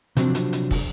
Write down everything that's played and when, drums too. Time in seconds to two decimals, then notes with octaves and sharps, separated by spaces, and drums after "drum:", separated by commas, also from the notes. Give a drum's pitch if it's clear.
0.17 C3 F3 F#3 C4 D4, drum: hi-hat
0.35 drum: hi-hat
0.53 drum: hi-hat
0.71 drum: kick, open hi-hat